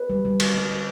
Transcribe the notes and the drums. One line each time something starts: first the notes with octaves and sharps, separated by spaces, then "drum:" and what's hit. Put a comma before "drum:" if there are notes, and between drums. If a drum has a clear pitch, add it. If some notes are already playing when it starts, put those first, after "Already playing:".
Already playing: B4
G3
G3
D3, drum: cymbal
G3
G3